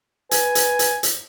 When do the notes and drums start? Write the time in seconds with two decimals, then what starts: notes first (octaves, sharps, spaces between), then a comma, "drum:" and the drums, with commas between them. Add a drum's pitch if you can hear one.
0.31 B4 G#5, drum: hi-hat
0.55 drum: hi-hat
0.79 drum: hi-hat
1.03 drum: hi-hat